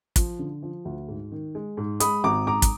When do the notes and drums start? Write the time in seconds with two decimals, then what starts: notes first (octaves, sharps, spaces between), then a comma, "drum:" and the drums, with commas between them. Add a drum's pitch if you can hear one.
0.16 F3, drum: kick, hi-hat
0.39 D3
0.63 F3
0.85 D2
1.08 G#2
1.32 D#3
1.55 G#3
1.77 G#2
2.00 G#3 B5 D#6, drum: hi-hat
2.24 G#1 A#5 D6
2.47 G#2 A#5 D6
2.62 drum: kick, hi-hat